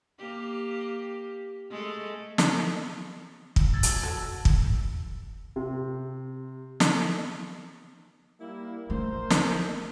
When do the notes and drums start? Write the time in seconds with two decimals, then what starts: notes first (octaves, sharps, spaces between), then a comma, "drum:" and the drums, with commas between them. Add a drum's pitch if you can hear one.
0.19 A#3 G4
1.71 G#3 A3 A4
2.38 drum: snare
3.56 drum: kick
3.74 B2 G3 E6 G#6 A6
3.83 drum: hi-hat
4.03 F2 F#4 A4
4.45 drum: kick
5.56 C3
6.80 drum: snare
8.41 G3 A#3 E4
8.90 A3 A#4 C5
9.31 drum: snare